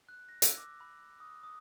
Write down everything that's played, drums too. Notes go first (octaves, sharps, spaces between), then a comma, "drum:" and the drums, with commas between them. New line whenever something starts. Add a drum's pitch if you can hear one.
F#6
A#6
E6, drum: hi-hat
D6
B5
D#6
D#6